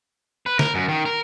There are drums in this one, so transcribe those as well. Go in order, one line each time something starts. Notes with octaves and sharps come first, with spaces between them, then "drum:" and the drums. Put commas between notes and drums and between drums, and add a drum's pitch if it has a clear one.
B4
A#4, drum: snare
F#2
D#3
A#4